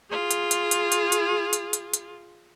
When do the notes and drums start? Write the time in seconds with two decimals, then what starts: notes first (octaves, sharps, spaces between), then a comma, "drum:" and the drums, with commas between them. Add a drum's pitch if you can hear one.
0.10 F4 G#4
0.31 drum: hi-hat
0.51 drum: hi-hat
0.71 drum: hi-hat
0.92 drum: hi-hat
1.12 drum: hi-hat
1.53 drum: hi-hat
1.73 drum: hi-hat
1.94 drum: hi-hat